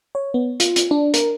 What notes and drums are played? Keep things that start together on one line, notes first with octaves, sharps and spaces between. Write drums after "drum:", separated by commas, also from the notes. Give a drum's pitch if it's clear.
C#5
B3
F4, drum: hi-hat
drum: hi-hat
D4
A#4, drum: hi-hat